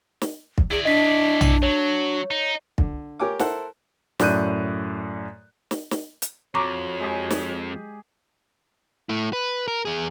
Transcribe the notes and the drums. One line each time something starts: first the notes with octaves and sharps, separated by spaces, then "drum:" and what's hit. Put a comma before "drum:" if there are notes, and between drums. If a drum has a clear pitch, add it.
drum: snare
drum: kick
E4 G#4 D5
D4 D#5 B6
drum: tom
F#3 C#5
D#4
D3, drum: kick
G4 A#4 C#5 G5 G#5 D6
E4 A4 A#4 C5 F#5, drum: snare
F#2 A2 D5 F#6 G6 D#7, drum: snare
drum: snare
drum: snare
drum: hi-hat
F2 F#4 C#5 A#5 C#6 D6
G#3 G4 G#4
drum: snare
A3 E4
B4
A#4
E2 G#4